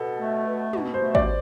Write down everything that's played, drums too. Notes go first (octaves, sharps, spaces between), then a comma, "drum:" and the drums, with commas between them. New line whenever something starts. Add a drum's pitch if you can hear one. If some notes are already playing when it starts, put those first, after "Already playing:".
Already playing: B2 A4
A3
B2
B2, drum: tom
C5
A3
D5, drum: kick G#1